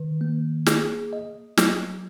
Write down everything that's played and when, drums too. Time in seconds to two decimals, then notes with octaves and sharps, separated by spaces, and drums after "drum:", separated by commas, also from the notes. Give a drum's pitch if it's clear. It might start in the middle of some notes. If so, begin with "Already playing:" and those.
Already playing: D#3 B4
0.21 A#3
0.66 G#4, drum: snare
1.13 D#5
1.57 F#3, drum: snare